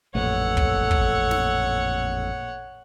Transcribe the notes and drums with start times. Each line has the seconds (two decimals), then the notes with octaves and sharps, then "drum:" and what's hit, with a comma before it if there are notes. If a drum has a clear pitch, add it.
0.15 A1 F2 A#2 A3 A4 C#5 F#5
0.57 drum: kick
0.91 drum: kick
1.31 drum: snare